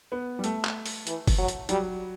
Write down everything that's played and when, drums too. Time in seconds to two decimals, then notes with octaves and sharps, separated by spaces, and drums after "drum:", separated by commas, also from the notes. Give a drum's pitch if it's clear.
0.12 B3
0.39 G3
0.44 A3, drum: hi-hat
0.65 drum: clap
0.86 drum: open hi-hat
1.07 E3, drum: hi-hat
1.27 drum: kick, open hi-hat
1.38 F#3
1.48 drum: hi-hat
1.69 F#3 G3, drum: hi-hat